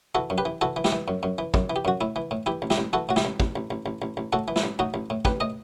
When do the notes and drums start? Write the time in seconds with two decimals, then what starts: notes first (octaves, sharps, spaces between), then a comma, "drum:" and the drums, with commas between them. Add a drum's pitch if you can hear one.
0.15 E3 F#4 A4
0.30 F#2
0.38 G4 B4
0.45 E3
0.61 E3 F#4 A4
0.76 E3
0.84 E4 G4, drum: snare
0.92 E3
1.08 F#2
1.23 F#2
1.38 E3
1.54 F#2, drum: kick
1.70 E3
1.76 G4
1.85 F#2 F#4
2.01 A2 E4
2.16 E3
2.31 A2
2.46 E3 E4 G4
2.62 A1
2.70 E4 G4, drum: snare
2.78 A1
2.93 E3 F#4 A4
3.09 A2 F#4
3.16 E4 G4, drum: snare
3.25 A1
3.40 A1, drum: kick
3.56 A1
3.71 A1
3.86 A1
4.02 A1
4.17 A1
4.33 A2 F#4 A4
4.48 E3
4.56 E4, drum: snare
4.64 A1
4.79 A2 D#4 F#4
4.94 A1
5.10 A2
5.25 A1 G4 B4, drum: kick
5.40 A2 D#5